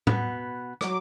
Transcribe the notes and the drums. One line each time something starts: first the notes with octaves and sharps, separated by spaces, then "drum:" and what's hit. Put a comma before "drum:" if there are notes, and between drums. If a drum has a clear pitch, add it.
B2 B3, drum: tom A2
F#3 D6, drum: rim click